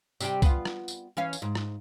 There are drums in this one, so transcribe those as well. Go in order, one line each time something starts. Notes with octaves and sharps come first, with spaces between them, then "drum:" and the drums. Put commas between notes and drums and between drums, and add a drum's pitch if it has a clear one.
C3 G3 G4, drum: tambourine
B3 F4, drum: kick C2, tambourine
drum: rim click
drum: tambourine
E3 C#4 F5
drum: tambourine
G#2
drum: rim click